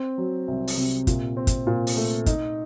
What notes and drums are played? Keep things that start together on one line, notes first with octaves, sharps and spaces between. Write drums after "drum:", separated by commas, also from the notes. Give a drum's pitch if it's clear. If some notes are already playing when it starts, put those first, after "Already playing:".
Already playing: C4
F#3
C2
drum: open hi-hat
C3
A#2, drum: kick, hi-hat
C4
drum: kick, hi-hat
A#2
drum: open hi-hat
A3
D#4, drum: kick, hi-hat